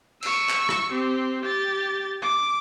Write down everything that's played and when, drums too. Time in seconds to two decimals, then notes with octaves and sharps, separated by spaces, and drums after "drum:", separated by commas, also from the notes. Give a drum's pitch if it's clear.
0.23 C#6 E6, drum: cymbal
0.49 drum: clap
0.69 drum: rim click
0.92 C4 G4
1.42 G4 A6
2.22 D6